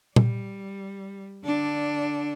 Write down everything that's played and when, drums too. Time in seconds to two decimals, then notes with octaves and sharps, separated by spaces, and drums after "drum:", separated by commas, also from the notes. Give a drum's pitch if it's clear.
0.16 G3, drum: tom A#2
1.45 D3 D4